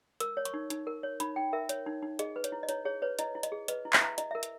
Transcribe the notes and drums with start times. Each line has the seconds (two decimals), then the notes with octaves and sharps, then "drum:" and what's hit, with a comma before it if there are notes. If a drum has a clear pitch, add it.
0.20 A#4 E6, drum: hi-hat
0.37 C#5
0.45 C#6, drum: hi-hat
0.54 D#4
0.70 D#4, drum: hi-hat
0.87 A#4
1.03 C#5
1.20 D#4 B5, drum: hi-hat
1.36 D#4 G5
1.53 A#4 E5
1.69 C#5, drum: hi-hat
1.86 D#4
2.03 D#4
2.19 G#4 D#5, drum: hi-hat
2.36 B4
2.44 C#5, drum: hi-hat
2.52 E4
2.63 D#5
2.69 E4 C#5, drum: hi-hat
2.85 G#4 C#5
3.02 B4 C#5
3.19 E4 D#5, drum: hi-hat
3.35 E4
3.43 D#5, drum: hi-hat
3.52 G#4
3.68 B4 D#5, drum: hi-hat
3.85 E4
3.93 E5, drum: clap
4.01 E4
4.18 E4 D#5, drum: hi-hat
4.31 A#4 E5
4.43 drum: hi-hat